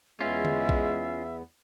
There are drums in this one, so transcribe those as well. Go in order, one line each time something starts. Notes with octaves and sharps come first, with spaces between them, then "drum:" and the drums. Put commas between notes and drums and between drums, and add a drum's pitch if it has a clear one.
E2 G#3 B3 C#4 F4 E5
drum: tom D3
drum: kick A#1